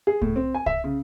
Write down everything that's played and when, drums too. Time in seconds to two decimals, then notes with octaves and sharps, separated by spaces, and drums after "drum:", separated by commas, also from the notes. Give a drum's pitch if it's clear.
0.07 G#4
0.22 A2, drum: kick C2
0.36 C4
0.55 G#5
0.66 E5, drum: kick C2
0.84 C#3